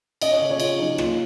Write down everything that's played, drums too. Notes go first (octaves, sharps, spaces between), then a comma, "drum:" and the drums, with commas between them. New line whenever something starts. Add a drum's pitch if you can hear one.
C#4 D#5, drum: cymbal
C#5
C#3 D#5
C#5
C#3 F4, drum: cymbal
F#3 D#4
A#3 F4, drum: rim click